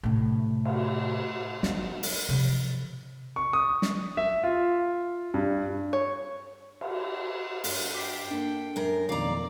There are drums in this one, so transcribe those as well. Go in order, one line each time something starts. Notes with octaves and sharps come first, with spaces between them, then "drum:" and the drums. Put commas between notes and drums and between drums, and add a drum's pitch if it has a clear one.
A2 C3
drum: cymbal
B3 D#4, drum: snare
drum: open hi-hat
C3 F3
C#6
D#6
drum: snare
E5
F4
G2
C#5
drum: cymbal
G2, drum: open hi-hat
G5 D6 B6 C7
A#3 D4 A4
F#2 A#4
F2 B2 D#3 A3 D4 D5 F5 A#5